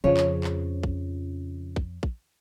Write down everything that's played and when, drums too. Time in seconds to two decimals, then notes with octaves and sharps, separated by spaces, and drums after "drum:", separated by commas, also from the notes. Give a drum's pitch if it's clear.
0.04 F2 C#3 F3 C#5
0.17 drum: clap
0.44 drum: clap
0.83 drum: kick
1.76 drum: kick
2.03 drum: kick